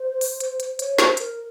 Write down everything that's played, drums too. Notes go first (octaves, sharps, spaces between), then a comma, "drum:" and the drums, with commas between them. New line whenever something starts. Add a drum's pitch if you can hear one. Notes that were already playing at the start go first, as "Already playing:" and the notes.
Already playing: C5
drum: open hi-hat
drum: hi-hat
drum: hi-hat
C#5, drum: hi-hat
C5, drum: snare
A#4, drum: hi-hat